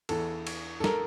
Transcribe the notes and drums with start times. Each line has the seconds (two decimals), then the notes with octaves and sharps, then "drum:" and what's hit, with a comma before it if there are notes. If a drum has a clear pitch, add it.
0.09 E2 E3 A4, drum: cymbal
0.47 drum: cymbal
0.80 A4
0.84 A#4, drum: snare